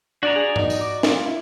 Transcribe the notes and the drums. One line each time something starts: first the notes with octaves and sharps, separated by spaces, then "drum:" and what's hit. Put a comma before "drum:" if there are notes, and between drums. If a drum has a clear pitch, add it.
D4 F#4 D5 A#5
G#4
D#4, drum: tom G#2
drum: tambourine
D6
F4, drum: snare
E4